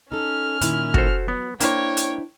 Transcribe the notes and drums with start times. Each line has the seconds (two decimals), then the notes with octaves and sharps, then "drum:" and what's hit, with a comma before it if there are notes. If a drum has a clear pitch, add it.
0.12 C#4 D#4 A4 F6
0.61 A#2 D#3 E4, drum: hi-hat
0.94 F#4 A4 C5, drum: kick
1.28 F#3 B3
1.60 A#3 D4 E4 C5 C#5 G5, drum: hi-hat
1.97 drum: hi-hat